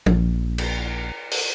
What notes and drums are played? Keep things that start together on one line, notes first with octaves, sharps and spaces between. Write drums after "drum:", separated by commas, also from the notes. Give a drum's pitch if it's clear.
A#1, drum: tom
drum: cymbal
drum: open hi-hat